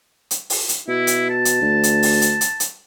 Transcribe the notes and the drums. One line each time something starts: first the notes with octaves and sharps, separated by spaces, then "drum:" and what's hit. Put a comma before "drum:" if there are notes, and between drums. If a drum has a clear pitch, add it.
drum: hi-hat
drum: open hi-hat
drum: hi-hat
B2 E4
drum: hi-hat
A5
drum: hi-hat
D2
drum: hi-hat
drum: open hi-hat
drum: hi-hat
drum: hi-hat
drum: hi-hat